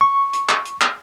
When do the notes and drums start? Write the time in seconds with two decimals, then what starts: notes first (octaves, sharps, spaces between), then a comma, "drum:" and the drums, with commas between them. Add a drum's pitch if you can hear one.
0.01 C#6
0.33 drum: hi-hat
0.49 drum: clap
0.65 drum: hi-hat
0.81 drum: clap